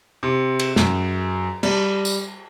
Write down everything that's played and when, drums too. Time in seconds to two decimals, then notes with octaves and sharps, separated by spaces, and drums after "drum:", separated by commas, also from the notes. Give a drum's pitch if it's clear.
0.23 C3
0.59 drum: cymbal
0.76 F#2, drum: snare
1.63 G3, drum: cymbal
2.05 drum: tambourine